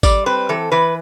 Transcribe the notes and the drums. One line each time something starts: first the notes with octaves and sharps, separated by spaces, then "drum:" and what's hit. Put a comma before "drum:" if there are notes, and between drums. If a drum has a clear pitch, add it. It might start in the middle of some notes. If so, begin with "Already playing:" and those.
G3 D5, drum: kick G#1, tambourine
C4 B4
E3 A4
E3 B4